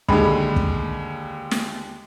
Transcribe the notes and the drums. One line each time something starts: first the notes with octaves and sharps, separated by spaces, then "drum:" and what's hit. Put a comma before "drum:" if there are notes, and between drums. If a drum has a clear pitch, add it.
D#2 D3 G#3 B5, drum: kick
drum: kick
drum: snare